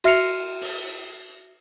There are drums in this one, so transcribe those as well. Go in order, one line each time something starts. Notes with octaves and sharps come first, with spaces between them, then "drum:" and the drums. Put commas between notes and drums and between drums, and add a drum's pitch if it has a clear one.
F#4 E5 F6 C7 C#7 F7, drum: cymbal
drum: open hi-hat